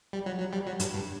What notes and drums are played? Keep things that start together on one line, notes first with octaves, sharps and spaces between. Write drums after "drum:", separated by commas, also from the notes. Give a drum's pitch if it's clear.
G3
F#3
F#3
G3
F#3
G2, drum: hi-hat
G2